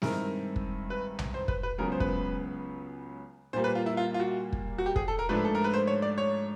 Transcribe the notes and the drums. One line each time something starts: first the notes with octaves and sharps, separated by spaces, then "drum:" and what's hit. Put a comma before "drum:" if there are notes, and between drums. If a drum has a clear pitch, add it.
G2 D#3 G#3 C4 E4 A#4, drum: snare
drum: kick
B4
drum: tom B1
C5
B4, drum: kick
B4
C#2 C#3 F#3 B3 A#4
C5
B4, drum: kick
A#2 G3 A#3 C5
B4
F4
E4
F4
F4
F#4
drum: kick
F#4
G4
G#4, drum: kick
A4
A#4
G#2 F3 A3 D4 B4
A4
A#4
B4
C5
C#5
D5
C#5